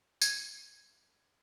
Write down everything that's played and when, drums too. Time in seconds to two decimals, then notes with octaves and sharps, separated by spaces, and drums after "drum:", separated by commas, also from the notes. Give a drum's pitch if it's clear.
0.22 G#6, drum: tambourine